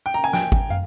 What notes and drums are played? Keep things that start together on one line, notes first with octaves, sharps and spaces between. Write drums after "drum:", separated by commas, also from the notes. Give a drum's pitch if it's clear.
G5
A#5
G#5
G5, drum: snare
drum: kick
F5, drum: tom